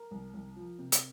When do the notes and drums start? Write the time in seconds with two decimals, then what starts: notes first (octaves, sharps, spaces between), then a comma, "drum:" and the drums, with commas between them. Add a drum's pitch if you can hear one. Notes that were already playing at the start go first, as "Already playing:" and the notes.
Already playing: A#4
0.11 C2
0.34 C2
0.56 F3
0.78 C3
0.92 drum: hi-hat